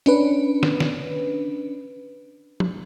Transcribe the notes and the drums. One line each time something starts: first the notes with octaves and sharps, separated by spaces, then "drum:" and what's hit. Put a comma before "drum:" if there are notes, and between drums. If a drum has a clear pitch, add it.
C#4 D4 B4, drum: hi-hat
drum: snare
drum: snare
drum: tom